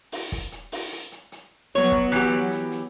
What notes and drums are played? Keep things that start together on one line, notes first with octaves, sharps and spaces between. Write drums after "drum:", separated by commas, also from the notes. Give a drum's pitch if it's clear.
drum: open hi-hat
drum: kick, hi-hat
drum: hi-hat
drum: open hi-hat
drum: hi-hat
drum: hi-hat
drum: hi-hat
F#3 B3 C#5
drum: kick, hi-hat
E3 G4, drum: hi-hat
drum: hi-hat
drum: hi-hat